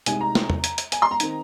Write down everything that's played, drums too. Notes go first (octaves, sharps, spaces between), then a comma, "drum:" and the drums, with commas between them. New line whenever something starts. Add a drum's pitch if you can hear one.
C2 C3 G#3 D#4 G#5, drum: hi-hat
A#5
drum: snare
drum: tom
drum: hi-hat
drum: hi-hat
G#5, drum: hi-hat
C6
A#5
D#3 C4 D#4, drum: hi-hat